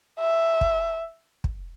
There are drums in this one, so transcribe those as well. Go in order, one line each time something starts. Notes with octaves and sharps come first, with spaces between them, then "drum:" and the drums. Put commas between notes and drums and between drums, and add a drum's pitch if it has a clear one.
E5
drum: kick
drum: kick